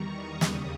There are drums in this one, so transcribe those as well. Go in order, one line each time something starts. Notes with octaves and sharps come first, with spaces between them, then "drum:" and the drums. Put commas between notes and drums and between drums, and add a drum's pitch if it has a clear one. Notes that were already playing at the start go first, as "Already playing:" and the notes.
Already playing: E2 D#3 G3 A#5 C#6
D#6
D#2 C#3 G3 D#6, drum: snare